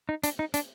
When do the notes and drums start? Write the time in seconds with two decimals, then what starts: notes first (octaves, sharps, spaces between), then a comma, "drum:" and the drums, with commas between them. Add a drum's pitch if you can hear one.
0.09 D#4
0.24 D4, drum: hi-hat
0.39 D#4
0.54 D4, drum: hi-hat